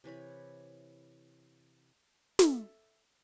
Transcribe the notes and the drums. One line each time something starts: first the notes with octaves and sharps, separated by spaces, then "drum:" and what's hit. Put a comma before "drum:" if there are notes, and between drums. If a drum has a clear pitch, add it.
C3 E3 C#5 B5
A4 E5, drum: snare